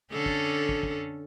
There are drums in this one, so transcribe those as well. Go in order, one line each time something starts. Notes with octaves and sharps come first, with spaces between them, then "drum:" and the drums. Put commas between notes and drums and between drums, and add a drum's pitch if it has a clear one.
D3 C#4 A4
drum: kick
drum: kick
drum: kick